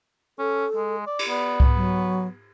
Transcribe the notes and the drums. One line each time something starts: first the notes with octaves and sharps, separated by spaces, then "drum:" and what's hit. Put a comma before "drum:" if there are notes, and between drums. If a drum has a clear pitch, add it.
C#4 A4
G#3
D5
drum: cymbal
B3 D5
drum: kick C2
F#3